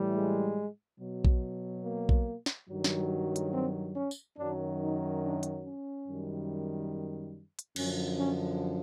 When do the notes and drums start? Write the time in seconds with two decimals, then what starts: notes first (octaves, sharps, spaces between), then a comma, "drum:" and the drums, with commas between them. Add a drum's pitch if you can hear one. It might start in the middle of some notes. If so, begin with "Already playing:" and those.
Already playing: A2 E3 G3
0.15 G#3
1.00 B2 F#3
1.25 drum: kick A#1
1.84 A#3
2.09 drum: kick A#1
2.46 drum: snare
2.69 G2 D#3 F#3
2.84 drum: snare
3.36 drum: hi-hat
3.54 C4
3.96 C#4
4.11 drum: tambourine
4.38 F#2 D#3 F#3 D4
4.81 D#4
5.23 D4
5.43 drum: hi-hat
5.65 C#4
6.07 F#2 D#3 G3
7.59 drum: hi-hat
7.76 F#2 D3 F3 C#4, drum: cymbal
8.19 C#4